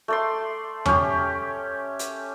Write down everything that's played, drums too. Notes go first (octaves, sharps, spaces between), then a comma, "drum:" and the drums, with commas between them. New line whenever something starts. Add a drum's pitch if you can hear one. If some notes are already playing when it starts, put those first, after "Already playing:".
A3 D5 C6
C#4 G4, drum: tom E2
drum: hi-hat